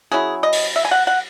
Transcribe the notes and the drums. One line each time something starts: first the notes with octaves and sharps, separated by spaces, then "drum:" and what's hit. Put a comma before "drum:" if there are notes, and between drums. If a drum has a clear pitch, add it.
F#3 C#4 E4 G#4
D#5
drum: open hi-hat
E5
G#5
F#5
F#5